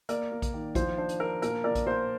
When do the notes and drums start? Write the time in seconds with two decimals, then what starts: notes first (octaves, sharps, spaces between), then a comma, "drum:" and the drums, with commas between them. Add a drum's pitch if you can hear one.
0.09 A#3 A#4 D5, drum: hi-hat
0.31 A#3
0.42 drum: kick A#1, hi-hat
0.54 D#3
0.75 F3 C5, drum: kick A#1, hi-hat
0.98 D4 C5
1.09 drum: hi-hat
1.20 D4 A#4
1.42 A#2 A#4, drum: hi-hat
1.64 A#2 A#4 D5
1.75 drum: kick A#1, hi-hat
1.86 A#2 C5